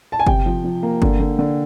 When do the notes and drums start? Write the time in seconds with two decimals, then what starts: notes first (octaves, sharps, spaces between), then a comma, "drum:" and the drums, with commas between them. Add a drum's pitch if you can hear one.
0.12 A5
0.19 G#5
0.27 C3 G5, drum: kick G1
0.46 F3
0.64 F3
0.83 A#3
1.02 D3, drum: kick G1
1.20 D3
1.39 D3